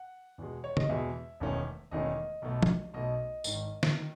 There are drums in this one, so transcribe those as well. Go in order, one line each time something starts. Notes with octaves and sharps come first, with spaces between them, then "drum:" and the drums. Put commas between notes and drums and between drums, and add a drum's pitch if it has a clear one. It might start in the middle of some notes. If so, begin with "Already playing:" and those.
Already playing: F#5
E2 B2 G#3
C#5
D#5, drum: tom
E2 B2 G#3 E5
E1 E2 D#3 A3 C#4
E1 E2 D#3 A3 C#4 D#5
B1 B2 A3
drum: tom
B1 B2 A3 D#5
G#1 G#2 D#3, drum: tambourine
drum: snare
D#3